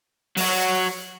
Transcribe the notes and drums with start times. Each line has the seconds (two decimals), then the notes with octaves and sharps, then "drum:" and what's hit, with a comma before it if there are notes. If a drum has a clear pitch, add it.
0.37 F#3 F#4, drum: open hi-hat